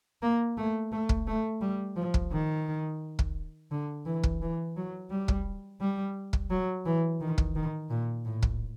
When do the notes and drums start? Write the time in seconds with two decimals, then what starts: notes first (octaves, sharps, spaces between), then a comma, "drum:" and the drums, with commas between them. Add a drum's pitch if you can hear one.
0.22 A#3
0.57 A3
0.92 A3
1.09 drum: kick
1.27 A3
1.61 G3
1.96 F3
2.14 drum: kick
2.32 D#3
3.19 drum: kick
3.71 D3
4.05 E3
4.24 drum: kick
4.42 E3
4.77 F#3
5.10 G3
5.28 drum: kick
5.81 G3
6.33 drum: kick
6.50 F#3
6.85 E3
7.21 D#3
7.38 drum: kick
7.55 D#3
7.90 A#2
8.25 A2
8.43 drum: kick